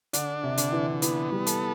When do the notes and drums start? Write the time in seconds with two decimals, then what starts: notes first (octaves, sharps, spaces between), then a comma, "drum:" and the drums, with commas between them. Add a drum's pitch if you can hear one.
0.13 D3 D4, drum: hi-hat
0.44 C3
0.57 D3, drum: hi-hat
0.72 E3
1.02 E3 B3, drum: hi-hat
1.32 G3
1.47 A4, drum: hi-hat